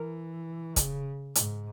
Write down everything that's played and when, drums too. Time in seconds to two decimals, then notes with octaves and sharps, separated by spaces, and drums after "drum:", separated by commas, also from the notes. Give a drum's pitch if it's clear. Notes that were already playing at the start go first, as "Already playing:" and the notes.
Already playing: E3 A#4
0.76 C#3, drum: kick, hi-hat
1.35 G#2, drum: hi-hat